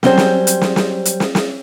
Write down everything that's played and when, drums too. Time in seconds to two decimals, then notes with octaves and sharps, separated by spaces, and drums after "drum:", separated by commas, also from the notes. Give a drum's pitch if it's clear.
0.03 F#3 G3 C4 C#4 C5, drum: snare
0.17 drum: snare
0.47 drum: hi-hat
0.61 drum: snare
0.76 drum: snare
1.05 drum: hi-hat
1.20 drum: snare
1.35 drum: snare